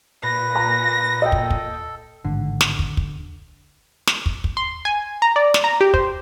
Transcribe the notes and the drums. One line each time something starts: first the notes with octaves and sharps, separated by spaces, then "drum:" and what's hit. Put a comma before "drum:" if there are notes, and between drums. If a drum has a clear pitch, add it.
A#2 B4 A#6
A#5
A4 D#5 G5
drum: kick
drum: kick
A1 G#2 D3 D#3
drum: snare
drum: kick
drum: kick
drum: snare
drum: kick
drum: kick
C6
G#5
A#5
D5
drum: snare
A#5
G4
C5, drum: kick